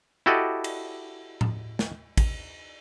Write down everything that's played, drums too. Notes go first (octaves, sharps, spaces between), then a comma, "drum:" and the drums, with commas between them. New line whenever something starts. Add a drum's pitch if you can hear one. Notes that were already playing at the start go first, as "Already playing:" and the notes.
E4 F#4 G4 A4 D5 D#5
drum: cymbal
drum: tom A2
drum: snare
drum: kick, cymbal